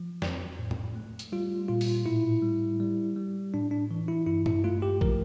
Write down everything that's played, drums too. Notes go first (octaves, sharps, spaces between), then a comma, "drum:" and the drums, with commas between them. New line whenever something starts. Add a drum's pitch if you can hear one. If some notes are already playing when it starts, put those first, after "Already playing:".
Already playing: F3
F2, drum: snare
A2
drum: tom
A3
drum: hi-hat
G3 F4
A#2 F4
drum: open hi-hat
A2 E4
G3
G3
G3
A2 D4
D4
E3
E4
G2 E4
E4, drum: tom
A3 F4
G4
F3 A#4, drum: kick A#1